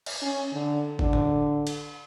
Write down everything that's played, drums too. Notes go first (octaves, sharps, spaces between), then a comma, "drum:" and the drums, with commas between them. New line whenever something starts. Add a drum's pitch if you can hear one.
drum: cymbal
C#4
D3
D3, drum: kick
drum: tom A2
drum: cymbal